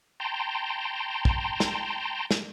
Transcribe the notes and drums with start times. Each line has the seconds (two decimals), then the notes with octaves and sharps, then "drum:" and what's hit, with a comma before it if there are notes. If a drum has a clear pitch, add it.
0.20 G5 A5 A#5 C6
1.25 drum: kick
1.60 drum: snare
2.31 drum: snare